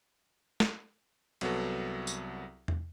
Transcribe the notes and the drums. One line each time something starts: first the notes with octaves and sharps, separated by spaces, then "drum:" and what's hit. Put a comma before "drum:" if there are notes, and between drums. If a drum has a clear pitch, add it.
drum: snare
C2 F#3 B3 F#4 A4, drum: cymbal
drum: tambourine
drum: tom E2